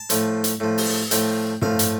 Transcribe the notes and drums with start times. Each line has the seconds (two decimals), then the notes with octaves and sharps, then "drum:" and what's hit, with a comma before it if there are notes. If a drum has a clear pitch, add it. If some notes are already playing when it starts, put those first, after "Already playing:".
Already playing: A5
0.10 A2 F3, drum: hi-hat
0.44 drum: hi-hat
0.60 A2 F3
0.78 drum: open hi-hat
0.87 A5
1.11 A2 F3 G5, drum: hi-hat
1.62 A2 F3 F5, drum: tom
1.79 drum: hi-hat